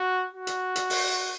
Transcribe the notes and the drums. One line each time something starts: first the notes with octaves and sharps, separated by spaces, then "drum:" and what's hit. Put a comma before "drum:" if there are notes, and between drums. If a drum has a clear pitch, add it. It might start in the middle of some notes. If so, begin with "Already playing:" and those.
Already playing: F#4
F#4
drum: hi-hat
drum: hi-hat
drum: open hi-hat